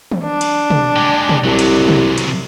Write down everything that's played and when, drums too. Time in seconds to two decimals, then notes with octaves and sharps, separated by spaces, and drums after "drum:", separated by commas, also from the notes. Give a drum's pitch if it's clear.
0.12 drum: tom
0.23 D4
0.41 drum: cymbal
0.70 drum: tom
0.96 G#3 G4
1.29 drum: tom
1.44 C2 C3 F#3
1.59 drum: cymbal
1.88 drum: tom
2.18 drum: cymbal